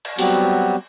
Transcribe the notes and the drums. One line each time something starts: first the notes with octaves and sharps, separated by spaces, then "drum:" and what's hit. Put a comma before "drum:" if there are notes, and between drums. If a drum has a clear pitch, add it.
drum: cymbal
F#3 G3 B3 C4 F#4 G4, drum: open hi-hat